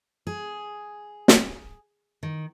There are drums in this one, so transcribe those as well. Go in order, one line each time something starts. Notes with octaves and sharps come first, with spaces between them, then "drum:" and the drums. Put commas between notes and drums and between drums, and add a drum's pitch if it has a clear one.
G#4
drum: snare
D#3